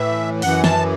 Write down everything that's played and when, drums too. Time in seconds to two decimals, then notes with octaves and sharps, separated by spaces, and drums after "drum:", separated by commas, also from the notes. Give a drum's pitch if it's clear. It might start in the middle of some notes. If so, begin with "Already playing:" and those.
Already playing: A2 E3 E5
0.42 F#2 E3 F#5, drum: open hi-hat
0.64 A5, drum: snare